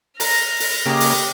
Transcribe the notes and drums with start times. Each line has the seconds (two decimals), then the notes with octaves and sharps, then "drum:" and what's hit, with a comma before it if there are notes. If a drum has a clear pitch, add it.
0.20 A#5 F6 A#6, drum: open hi-hat
0.60 drum: open hi-hat
0.86 C#3 A#3 G4 D#5
1.00 drum: open hi-hat